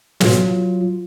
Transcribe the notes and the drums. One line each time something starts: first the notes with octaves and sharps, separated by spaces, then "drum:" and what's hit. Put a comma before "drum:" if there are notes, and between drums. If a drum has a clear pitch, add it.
F#3 F4, drum: snare